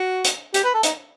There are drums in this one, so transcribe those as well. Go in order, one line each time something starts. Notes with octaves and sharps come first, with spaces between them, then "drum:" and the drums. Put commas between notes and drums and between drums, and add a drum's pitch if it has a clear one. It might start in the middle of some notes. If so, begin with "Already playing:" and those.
Already playing: F#4
drum: hi-hat
G4, drum: hi-hat
B4
A4
D#4, drum: hi-hat